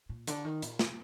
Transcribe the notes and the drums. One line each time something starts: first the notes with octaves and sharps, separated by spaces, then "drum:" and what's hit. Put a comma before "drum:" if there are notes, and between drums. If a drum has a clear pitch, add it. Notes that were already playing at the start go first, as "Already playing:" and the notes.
A#2
D3, drum: hi-hat
D#3
A#2, drum: hi-hat
drum: snare